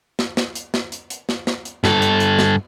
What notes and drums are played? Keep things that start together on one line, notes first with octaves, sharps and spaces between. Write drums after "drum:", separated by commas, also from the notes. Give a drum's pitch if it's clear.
drum: snare
drum: snare
drum: hi-hat
drum: snare
drum: hi-hat
drum: hi-hat
drum: snare
drum: snare
drum: hi-hat
G2 A4, drum: snare
drum: hi-hat
drum: hi-hat
drum: snare